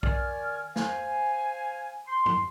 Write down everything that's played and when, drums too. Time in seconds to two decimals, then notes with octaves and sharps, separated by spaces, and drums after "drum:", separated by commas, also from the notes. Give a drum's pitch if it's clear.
0.03 D#3 D5 G#5 F6, drum: kick B1
0.76 C5 F5 G#5, drum: snare
2.07 C6
2.26 drum: tom F#2